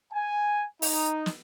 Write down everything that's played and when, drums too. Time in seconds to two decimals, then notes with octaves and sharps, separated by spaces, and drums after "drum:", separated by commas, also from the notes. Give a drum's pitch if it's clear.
0.13 G#5
0.82 D#4, drum: open hi-hat
1.26 drum: snare